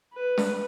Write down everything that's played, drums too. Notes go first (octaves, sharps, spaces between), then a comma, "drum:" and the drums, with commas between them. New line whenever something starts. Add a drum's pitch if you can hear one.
B4
drum: snare